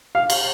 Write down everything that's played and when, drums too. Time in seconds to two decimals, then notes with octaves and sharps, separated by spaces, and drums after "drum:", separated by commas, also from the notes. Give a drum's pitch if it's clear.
0.15 F5
0.30 drum: cymbal